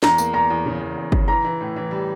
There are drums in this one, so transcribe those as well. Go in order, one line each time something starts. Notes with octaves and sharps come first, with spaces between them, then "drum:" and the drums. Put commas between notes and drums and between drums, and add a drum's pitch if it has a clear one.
E2 A#5, drum: snare
A#3, drum: tambourine
E2 A#5
E2
C#3
E2
E2
C#3, drum: kick
E3 A#5
E3
A2
E3
G3